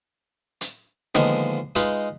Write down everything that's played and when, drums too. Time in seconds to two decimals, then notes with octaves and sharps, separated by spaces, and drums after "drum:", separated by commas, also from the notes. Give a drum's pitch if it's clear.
0.61 drum: hi-hat
1.15 D3 D#3 F3 G#3 A#3 B3, drum: snare
1.75 G#3 D#4 F4 B4 B5, drum: hi-hat